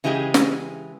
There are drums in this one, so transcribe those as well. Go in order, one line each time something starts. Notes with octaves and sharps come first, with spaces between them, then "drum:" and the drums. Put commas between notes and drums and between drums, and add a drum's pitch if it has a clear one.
C#3 E3 G#3 G4 G#4
drum: snare